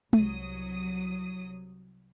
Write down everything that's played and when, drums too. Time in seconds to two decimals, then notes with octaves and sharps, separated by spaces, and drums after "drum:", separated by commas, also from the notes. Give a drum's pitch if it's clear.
0.13 C2 F#3 D#6, drum: tom G#3